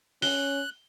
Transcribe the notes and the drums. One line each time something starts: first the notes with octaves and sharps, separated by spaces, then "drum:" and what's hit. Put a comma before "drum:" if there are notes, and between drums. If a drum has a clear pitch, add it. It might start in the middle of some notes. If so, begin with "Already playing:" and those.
C#4 F#6 G7, drum: open hi-hat